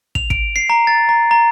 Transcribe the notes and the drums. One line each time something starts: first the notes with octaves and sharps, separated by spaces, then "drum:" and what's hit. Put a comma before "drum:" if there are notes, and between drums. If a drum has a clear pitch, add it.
F7, drum: kick
D7, drum: kick
C7
A#5
A6
A#5
A#5